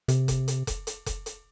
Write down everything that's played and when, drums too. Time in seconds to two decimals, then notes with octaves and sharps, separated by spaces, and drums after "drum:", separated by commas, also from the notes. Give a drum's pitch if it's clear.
0.08 C3, drum: hi-hat
0.28 drum: kick F1, hi-hat
0.48 drum: hi-hat
0.67 drum: kick F1, hi-hat
0.87 drum: hi-hat
1.06 drum: kick F1, hi-hat
1.26 drum: hi-hat